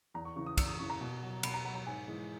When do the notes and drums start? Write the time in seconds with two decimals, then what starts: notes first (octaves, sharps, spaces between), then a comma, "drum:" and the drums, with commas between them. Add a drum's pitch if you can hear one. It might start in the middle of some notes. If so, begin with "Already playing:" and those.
0.14 E2 A#5
0.25 C#6
0.36 C#3 E3 C#6
0.46 D#6
0.57 E2 E6, drum: kick, cymbal
0.68 D#6
0.79 C#3 E3 C#6
0.90 A#5
1.01 B2
1.23 F#3
1.43 B2 B5, drum: cymbal
1.54 A#5
1.65 F#3 A#5
1.75 A#5
1.86 G#2 G#5
2.08 E3 G#3